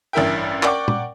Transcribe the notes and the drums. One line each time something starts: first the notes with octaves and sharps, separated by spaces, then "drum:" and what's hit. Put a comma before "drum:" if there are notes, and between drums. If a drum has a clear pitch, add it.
A1 G2 E4 A#4 E5 G5
A#4 D5 F#5 G5 C#6 D6, drum: clap
drum: tom A#2